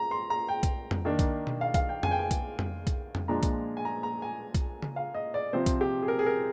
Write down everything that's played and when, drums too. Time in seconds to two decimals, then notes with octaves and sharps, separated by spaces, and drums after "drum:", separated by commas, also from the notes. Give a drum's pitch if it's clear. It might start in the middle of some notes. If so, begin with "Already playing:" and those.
Already playing: A#5
0.11 C6
0.30 A#5
0.49 G5
0.63 drum: kick B1, hi-hat
0.91 drum: tom F2
1.05 D#3 A#3 D4
1.19 drum: kick B1, hi-hat
1.47 drum: tom B2
1.61 F5
1.74 F5, drum: kick B1, hi-hat
1.89 G5
2.03 G#5, drum: tom F2
2.11 G5
2.19 G#5
2.31 drum: kick B1, hi-hat
2.59 drum: tom F2
2.87 drum: kick B1, hi-hat
3.15 drum: tom F2
3.28 A#2 F3 G#3 D4 A#5
3.43 drum: kick B1, hi-hat
3.77 G#5
3.85 A#5
4.03 A#5
4.22 G#5
4.55 drum: kick B1, hi-hat
4.82 drum: tom C#3
4.96 F5
5.14 D#5
5.34 D5
5.53 C3 F3 C4 C5
5.66 drum: kick B1, hi-hat
5.81 G4
6.02 G#4
6.08 A#4
6.19 G#4
6.26 A#4